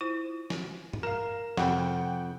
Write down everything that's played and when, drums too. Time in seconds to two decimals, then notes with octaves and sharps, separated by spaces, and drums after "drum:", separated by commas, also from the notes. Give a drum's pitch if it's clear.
0.01 E4 F4 C5
0.50 drum: snare
0.93 drum: tom G2
1.03 A#4 F5 E7
1.57 F2 C3 F#5 G5 B5, drum: snare